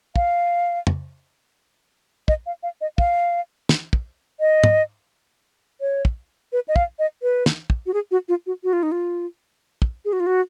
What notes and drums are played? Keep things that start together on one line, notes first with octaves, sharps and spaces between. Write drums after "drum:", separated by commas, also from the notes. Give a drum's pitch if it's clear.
F5, drum: kick
drum: tom
D#5, drum: kick
F5
F5
D#5
F5, drum: kick
drum: snare
drum: kick
D#5
drum: tom
C#5
drum: kick
B4
D#5
F5, drum: kick
D#5
B4
drum: snare
drum: kick
F#4
G#4
F#4
F4
F#4
F#4
F4
D#4
F4
drum: kick
G#4
F#4
F4
F#4